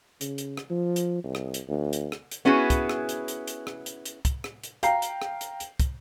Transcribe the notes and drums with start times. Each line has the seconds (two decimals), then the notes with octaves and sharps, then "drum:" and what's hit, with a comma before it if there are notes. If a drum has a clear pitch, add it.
0.21 C#3, drum: hi-hat
0.38 drum: hi-hat
0.57 drum: rim click
0.70 F3
0.96 drum: hi-hat
1.24 C2
1.35 drum: rim click
1.54 drum: hi-hat
1.68 D2
1.93 drum: hi-hat
2.12 drum: rim click
2.31 drum: hi-hat
2.45 B3 C#4 E4 F#4 G#4
2.70 drum: kick, hi-hat
2.89 drum: rim click
3.09 drum: hi-hat
3.28 drum: hi-hat
3.47 drum: hi-hat
3.67 drum: rim click
3.86 drum: hi-hat
4.05 drum: hi-hat
4.25 drum: kick, hi-hat
4.44 drum: rim click
4.64 drum: hi-hat
4.83 F5 G5 A#5 C7, drum: hi-hat
5.02 drum: hi-hat
5.22 drum: rim click
5.41 drum: hi-hat
5.60 drum: hi-hat
5.80 drum: kick, hi-hat